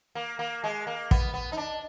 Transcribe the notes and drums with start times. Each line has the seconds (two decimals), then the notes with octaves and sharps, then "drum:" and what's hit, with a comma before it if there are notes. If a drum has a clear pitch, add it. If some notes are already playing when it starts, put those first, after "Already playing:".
0.15 A#3
0.39 A#3
0.64 G#3
0.87 A#3
1.11 B3, drum: kick
1.34 B3
1.52 D#4
1.57 D4